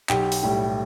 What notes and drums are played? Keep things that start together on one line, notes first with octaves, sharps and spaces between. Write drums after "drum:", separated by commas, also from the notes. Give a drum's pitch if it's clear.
B1 G4, drum: clap
drum: open hi-hat
A2 G3 G4